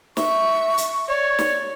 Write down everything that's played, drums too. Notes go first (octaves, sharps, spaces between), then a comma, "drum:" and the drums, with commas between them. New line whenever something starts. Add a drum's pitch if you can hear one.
E5 C#6, drum: snare
drum: hi-hat
C#5 D5
drum: snare